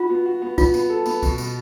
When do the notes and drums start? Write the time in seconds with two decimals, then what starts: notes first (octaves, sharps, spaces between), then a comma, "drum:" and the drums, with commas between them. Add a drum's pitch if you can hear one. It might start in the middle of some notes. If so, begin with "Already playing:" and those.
Already playing: F4 F#4
0.10 B3
0.26 F#4
0.42 B3
0.58 B3 F4, drum: kick, tambourine
0.74 B3, drum: tambourine
0.90 A4
1.06 B3, drum: tambourine
1.23 B2, drum: kick, tambourine
1.38 B2, drum: tambourine